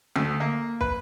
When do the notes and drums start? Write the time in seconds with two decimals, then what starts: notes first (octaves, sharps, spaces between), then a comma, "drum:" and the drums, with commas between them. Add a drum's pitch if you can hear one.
0.16 D2, drum: tom D3
0.40 A#3
0.81 B4, drum: kick